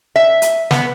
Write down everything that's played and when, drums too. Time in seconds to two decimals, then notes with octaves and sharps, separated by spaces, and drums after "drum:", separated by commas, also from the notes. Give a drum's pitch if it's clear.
0.16 E5
0.42 drum: hi-hat
0.71 B3, drum: snare